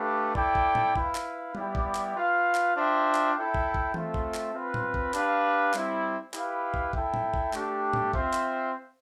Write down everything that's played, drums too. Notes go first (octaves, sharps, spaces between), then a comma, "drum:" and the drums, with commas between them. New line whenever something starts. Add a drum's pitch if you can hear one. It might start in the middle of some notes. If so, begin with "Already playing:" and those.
Already playing: A3 D4 G4 B4 F5
E4 A4 D5 G5, drum: kick
drum: kick
drum: tom A2
E4 B4 F5, drum: kick
drum: clap
G3 B3 E4 G4 D5, drum: tom G3
drum: kick
drum: clap
F4 B4 F5
drum: clap
D4 F4 C5 E5 G5
drum: clap
E4 A4 E5 G5
drum: kick
drum: kick
A3 C4 F4 A4 E5, drum: tom E3
drum: kick
drum: clap
C4 F4 B4
drum: tom A2
drum: kick
D4 G4 B4 F5, drum: clap
G3 C4 E4, drum: clap
E4 G4 B4 F5, drum: clap
drum: kick
E4 A4 E5 G5, drum: kick
drum: tom A2
drum: kick
A3 D4 G4, drum: clap
drum: tom A2
C4 F4 C5 E5 G5, drum: kick
drum: clap